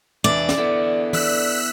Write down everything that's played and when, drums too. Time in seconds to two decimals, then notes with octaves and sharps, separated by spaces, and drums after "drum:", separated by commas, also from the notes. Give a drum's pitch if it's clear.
0.24 E2 E3 D4 D5
0.49 drum: snare
0.58 D3 B3 E4
1.13 E6 F#6 B6, drum: tom